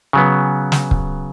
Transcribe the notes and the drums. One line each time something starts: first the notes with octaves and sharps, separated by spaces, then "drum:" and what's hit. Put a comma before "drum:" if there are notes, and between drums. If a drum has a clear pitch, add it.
C#3 F#3 B3
drum: snare
drum: kick